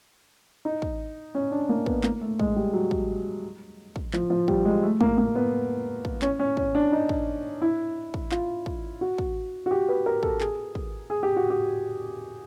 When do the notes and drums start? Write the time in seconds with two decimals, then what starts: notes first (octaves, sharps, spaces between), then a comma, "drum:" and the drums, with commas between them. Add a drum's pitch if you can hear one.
0.65 D#4
0.82 drum: kick
1.35 C#4
1.51 D4
1.69 A#3
1.86 B3, drum: kick
2.03 A#3, drum: clap
2.21 A3
2.39 G#3, drum: kick
2.56 G3
2.73 F#3
2.91 drum: kick
3.96 drum: kick
4.13 F3, drum: clap
4.30 F3
4.48 G3, drum: kick
4.65 G#3
4.83 A3
5.01 A#3, drum: kick
5.18 A#3
5.35 B3
6.05 drum: kick
6.22 C#4, drum: clap
6.39 C#4
6.57 C#4, drum: kick
6.75 D4
6.92 D#4
7.09 drum: kick
7.62 E4
8.14 drum: kick
8.32 F4, drum: clap
8.66 drum: kick
9.01 F#4
9.18 drum: kick
9.66 F#4
9.71 G4
9.89 B4
10.06 A#4
10.23 A4, drum: kick
10.41 G#4, drum: clap
10.75 drum: kick
11.10 G#4
11.23 G4
11.36 F#4
11.50 G4